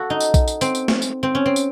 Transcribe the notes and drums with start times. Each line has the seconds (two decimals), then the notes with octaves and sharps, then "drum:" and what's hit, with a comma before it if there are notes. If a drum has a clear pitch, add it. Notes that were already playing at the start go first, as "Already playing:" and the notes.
Already playing: F#4 A4
0.10 D#4
0.20 drum: tambourine
0.34 drum: kick A#1, tambourine
0.48 drum: tambourine
0.61 C4, drum: tambourine
0.75 drum: tambourine
0.88 drum: snare
1.02 drum: tambourine
1.23 C4
1.35 C#4
1.46 C4
1.56 drum: tambourine